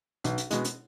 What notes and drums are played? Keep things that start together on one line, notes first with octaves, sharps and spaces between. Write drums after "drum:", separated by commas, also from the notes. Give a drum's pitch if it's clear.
B1, drum: hi-hat
drum: hi-hat
B2 G#3, drum: hi-hat
drum: hi-hat